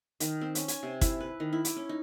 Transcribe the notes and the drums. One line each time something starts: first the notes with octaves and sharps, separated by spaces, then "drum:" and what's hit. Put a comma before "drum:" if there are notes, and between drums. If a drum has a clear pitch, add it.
D#3, drum: hi-hat
C4
C#4, drum: hi-hat
G#5, drum: hi-hat
C3
E4, drum: kick, hi-hat
B4
D#3
E4
D6, drum: hi-hat
C#4
D#4